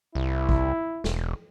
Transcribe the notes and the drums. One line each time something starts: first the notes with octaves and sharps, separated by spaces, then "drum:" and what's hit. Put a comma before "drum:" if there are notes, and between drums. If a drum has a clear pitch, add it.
C2 E4
drum: kick G#1
E1, drum: snare